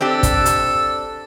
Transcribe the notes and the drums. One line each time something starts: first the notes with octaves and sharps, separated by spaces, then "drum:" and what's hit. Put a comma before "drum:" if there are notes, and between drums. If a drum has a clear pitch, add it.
C4 D4 G4 A4
drum: kick, hi-hat
drum: hi-hat